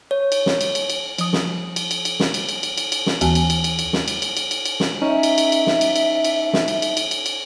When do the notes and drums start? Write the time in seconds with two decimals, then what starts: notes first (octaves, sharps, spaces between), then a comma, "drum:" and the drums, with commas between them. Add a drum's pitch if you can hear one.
0.11 C#5
0.32 drum: cymbal
0.46 drum: snare
0.61 drum: cymbal
0.75 drum: cymbal
0.90 drum: cymbal
1.18 F3 D#6, drum: cymbal
1.33 drum: snare
1.76 drum: cymbal
1.91 drum: cymbal
2.05 drum: cymbal
2.20 drum: snare
2.34 drum: cymbal
2.49 drum: cymbal
2.63 drum: cymbal
2.78 drum: cymbal
2.92 drum: cymbal
3.06 drum: snare
3.21 D#2 E3 B3 F#4 G#5, drum: cymbal
3.35 drum: cymbal
3.50 drum: cymbal
3.64 drum: cymbal
3.79 drum: cymbal
3.93 drum: snare
4.08 drum: cymbal
4.22 drum: cymbal
4.37 drum: cymbal
4.51 drum: cymbal
4.65 drum: cymbal
4.80 drum: snare
5.02 C#4 D#4 E5
5.23 drum: cymbal
5.38 drum: cymbal
5.52 drum: cymbal
5.67 drum: snare
5.81 drum: cymbal
5.96 drum: cymbal
6.25 drum: cymbal
6.53 drum: snare
6.68 drum: cymbal
6.82 drum: cymbal
6.97 drum: cymbal
7.11 drum: cymbal
7.26 drum: cymbal